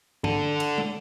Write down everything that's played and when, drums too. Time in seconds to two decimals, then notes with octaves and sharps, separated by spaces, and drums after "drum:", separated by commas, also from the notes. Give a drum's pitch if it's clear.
0.24 D4 A4, drum: tom
0.60 drum: cymbal
0.78 drum: tom